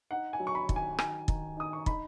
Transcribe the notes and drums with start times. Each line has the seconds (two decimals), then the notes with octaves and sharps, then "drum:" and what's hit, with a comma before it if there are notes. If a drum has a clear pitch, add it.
0.11 D#4 F#5
0.33 G#5
0.40 F#3
0.47 C#6
0.55 B5
0.69 D#3, drum: kick
0.76 G#5
0.99 D#3 G#5, drum: rim click
1.28 D#3, drum: kick
1.57 D#4 D#6
1.73 C#6
1.86 D#4 B5, drum: kick